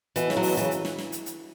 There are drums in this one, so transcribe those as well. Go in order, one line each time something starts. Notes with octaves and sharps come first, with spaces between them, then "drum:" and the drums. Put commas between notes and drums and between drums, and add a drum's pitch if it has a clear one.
B2 E3, drum: hi-hat
C#3, drum: snare
F#3
B2, drum: open hi-hat
C#3 E3, drum: hi-hat
drum: hi-hat
drum: snare
drum: snare
drum: hi-hat
drum: hi-hat